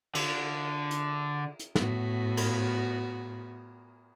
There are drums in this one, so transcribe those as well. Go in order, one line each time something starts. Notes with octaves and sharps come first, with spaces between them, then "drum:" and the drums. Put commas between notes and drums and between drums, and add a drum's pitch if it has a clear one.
D3, drum: cymbal
drum: hi-hat
drum: hi-hat
A2 B3 F#4, drum: snare
drum: cymbal